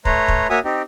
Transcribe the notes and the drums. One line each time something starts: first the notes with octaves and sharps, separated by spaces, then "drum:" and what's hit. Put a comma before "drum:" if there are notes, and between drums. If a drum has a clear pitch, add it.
A3 B4 C#5 A#5 C6, drum: kick
drum: kick
A#3 F#4 C#5 E5 G#5 D#6
C4 D#4 G4